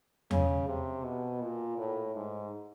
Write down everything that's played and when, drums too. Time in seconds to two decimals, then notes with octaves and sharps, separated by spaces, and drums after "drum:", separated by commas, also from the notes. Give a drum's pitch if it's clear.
0.31 C#3, drum: tom E2
0.68 C3
1.04 B2
1.41 A#2
1.78 A2
2.15 G#2